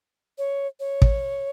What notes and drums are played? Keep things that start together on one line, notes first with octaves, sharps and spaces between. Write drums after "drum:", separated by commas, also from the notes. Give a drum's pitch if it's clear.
C#5
C#5
drum: kick